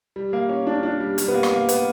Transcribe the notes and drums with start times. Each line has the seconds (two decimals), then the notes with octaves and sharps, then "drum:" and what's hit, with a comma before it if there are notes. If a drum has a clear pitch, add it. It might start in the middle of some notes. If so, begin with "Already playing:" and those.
0.16 G3
0.33 A#3
0.49 C#4
0.67 D4
0.83 D4
1.00 G3
1.18 G3, drum: hi-hat
1.28 B3
1.34 A#3
1.43 drum: rim click
1.52 A#3
1.69 B3, drum: hi-hat